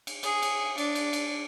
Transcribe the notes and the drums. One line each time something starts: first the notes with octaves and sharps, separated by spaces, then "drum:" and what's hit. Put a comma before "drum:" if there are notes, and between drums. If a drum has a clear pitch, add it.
drum: cymbal
G#4, drum: cymbal
drum: cymbal
D4, drum: cymbal
drum: cymbal
drum: cymbal